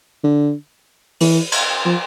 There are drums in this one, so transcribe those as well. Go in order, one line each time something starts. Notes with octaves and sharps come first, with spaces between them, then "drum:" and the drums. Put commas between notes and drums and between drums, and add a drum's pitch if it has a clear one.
D3
E3, drum: open hi-hat
drum: cymbal
F3